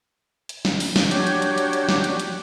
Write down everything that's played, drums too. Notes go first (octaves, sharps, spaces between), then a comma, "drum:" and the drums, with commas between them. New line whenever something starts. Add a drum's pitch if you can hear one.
drum: hi-hat
drum: snare
drum: open hi-hat
drum: snare
F#3 D4 G4 C#5, drum: hi-hat
drum: hi-hat
drum: hi-hat
drum: hi-hat
drum: hi-hat
drum: snare
drum: hi-hat
drum: hi-hat